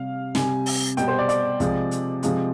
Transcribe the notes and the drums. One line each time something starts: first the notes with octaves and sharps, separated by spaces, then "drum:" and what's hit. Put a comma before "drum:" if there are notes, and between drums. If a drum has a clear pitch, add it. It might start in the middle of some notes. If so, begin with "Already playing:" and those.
Already playing: C3 G3 F5
C3 G3 G#5, drum: snare
drum: open hi-hat
B2 G3 G5, drum: hi-hat
C5
D5
D5, drum: hi-hat
C3 F3 G#3, drum: kick, hi-hat
drum: hi-hat
C3 F3 G#3, drum: hi-hat